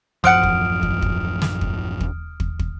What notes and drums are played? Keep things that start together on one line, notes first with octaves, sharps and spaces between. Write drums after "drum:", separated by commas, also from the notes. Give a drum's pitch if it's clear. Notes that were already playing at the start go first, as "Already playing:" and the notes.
A1 F#2 F3 C5 F#5 D#6 F6 D7
drum: kick
drum: kick
drum: kick
drum: snare
drum: kick
drum: kick
drum: kick
drum: kick